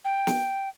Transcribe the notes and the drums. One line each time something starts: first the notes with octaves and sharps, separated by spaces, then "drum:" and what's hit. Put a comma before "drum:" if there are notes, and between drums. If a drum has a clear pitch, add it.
G5
drum: snare